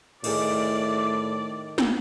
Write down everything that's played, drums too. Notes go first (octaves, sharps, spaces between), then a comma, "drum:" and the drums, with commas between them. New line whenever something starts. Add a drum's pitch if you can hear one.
A2 D#3 G#4 D5, drum: cymbal
drum: snare